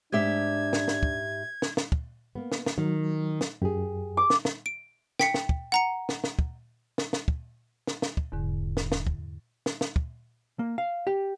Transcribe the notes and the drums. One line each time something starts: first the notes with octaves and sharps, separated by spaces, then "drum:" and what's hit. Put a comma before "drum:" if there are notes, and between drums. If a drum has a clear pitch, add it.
G#2 D4 G4 E5 G#6
drum: snare
drum: snare
drum: kick
drum: snare
drum: snare
drum: kick
A#3 B3
drum: snare
drum: snare
D#3 F#3
drum: snare
F#2 G4 G#4
D6
drum: snare
drum: snare
D7
G5 B6 C#7, drum: snare
drum: snare
drum: kick
F#5 A#5 C#7
drum: snare
drum: snare
drum: kick
drum: snare
drum: snare
drum: kick
drum: snare
drum: snare
drum: kick
D#1 E2 G#2 D3
drum: snare
drum: snare
drum: kick
drum: snare
drum: snare
drum: kick
A#3
F5
G4